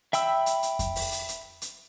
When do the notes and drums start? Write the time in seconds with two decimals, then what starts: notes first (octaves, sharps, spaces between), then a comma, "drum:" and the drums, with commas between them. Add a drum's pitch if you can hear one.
0.13 E5 G5 B5 E6, drum: hi-hat
0.46 drum: hi-hat
0.63 drum: hi-hat
0.79 drum: kick F2, hi-hat
0.96 drum: open hi-hat
1.12 drum: hi-hat
1.29 drum: hi-hat
1.62 drum: hi-hat